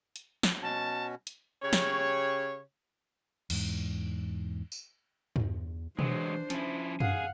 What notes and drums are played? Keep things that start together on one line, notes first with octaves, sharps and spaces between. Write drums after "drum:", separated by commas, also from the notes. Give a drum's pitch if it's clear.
drum: hi-hat
drum: snare
B2 C#4 F#4 A5
drum: hi-hat
C#3 G4 C#5
drum: snare
E2 G#2, drum: cymbal
drum: tambourine
E2, drum: tom G2
E3 F#3 G#3 D4 C5, drum: tom B2
F3 C#4 E4, drum: hi-hat
G#4 F5 F#5, drum: tom F#2